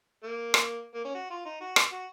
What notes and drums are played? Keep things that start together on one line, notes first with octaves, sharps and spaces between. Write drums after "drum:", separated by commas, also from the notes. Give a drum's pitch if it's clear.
A#3
drum: rim click
A#3
C#4
F#4
F4
D#4
F#4
drum: rim click
F#4